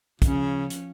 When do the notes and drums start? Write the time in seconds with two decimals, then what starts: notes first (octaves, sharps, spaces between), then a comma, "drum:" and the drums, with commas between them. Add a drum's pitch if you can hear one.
0.22 C#3 F3 C#4, drum: kick, hi-hat
0.70 drum: hi-hat